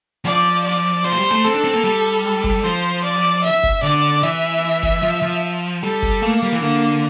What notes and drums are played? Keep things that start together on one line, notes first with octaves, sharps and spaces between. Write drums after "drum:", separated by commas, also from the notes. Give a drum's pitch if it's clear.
F3 D5
drum: hi-hat
D5
F3 C5
A3
G3
A3
C4 A4
D4
C4, drum: hi-hat
A#3
G3
A4
drum: kick F#1, hi-hat
F3 C5
drum: hi-hat
D5
E5
drum: kick F#1, hi-hat
D3 D5
drum: hi-hat
E3 E5
drum: kick F#1, hi-hat
F3
F3, drum: hi-hat
G3 A4
drum: kick F#1, hi-hat
A3 A#3
G3, drum: hi-hat
E3
D3 A#3